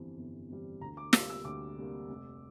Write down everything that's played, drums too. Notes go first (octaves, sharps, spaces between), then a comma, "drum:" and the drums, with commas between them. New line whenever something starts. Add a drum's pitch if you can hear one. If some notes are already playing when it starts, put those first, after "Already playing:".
Already playing: G1 F2 E3 G3
G1
F2 E3 G3
D2 A#5
D6
C3 G3 A#3 E6, drum: snare
E6
D2 D6
C3 G3 A#3
F1